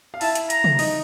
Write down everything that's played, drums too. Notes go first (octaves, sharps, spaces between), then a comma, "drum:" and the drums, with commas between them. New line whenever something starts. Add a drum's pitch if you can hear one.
F5
E4 E5 A5, drum: open hi-hat
drum: hi-hat
A#5, drum: hi-hat
drum: tom C3
D#4 D#5, drum: open hi-hat